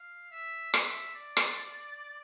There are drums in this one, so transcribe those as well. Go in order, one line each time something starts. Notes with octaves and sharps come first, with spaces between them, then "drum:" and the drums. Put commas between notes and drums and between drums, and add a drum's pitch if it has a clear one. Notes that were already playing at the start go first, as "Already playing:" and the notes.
Already playing: F5
E5
E5, drum: rim click
D5
drum: rim click